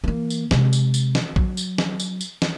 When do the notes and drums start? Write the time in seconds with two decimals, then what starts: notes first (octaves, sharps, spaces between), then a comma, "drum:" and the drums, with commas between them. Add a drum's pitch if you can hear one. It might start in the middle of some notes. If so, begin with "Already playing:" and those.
0.04 E3 A#3
0.30 drum: tambourine
0.51 C3 G#3, drum: snare
0.73 drum: tambourine
0.94 drum: tambourine
1.15 drum: snare
1.36 F#3, drum: kick A#1
1.57 drum: tambourine
1.78 drum: snare
2.00 drum: tambourine
2.21 drum: tambourine
2.42 drum: snare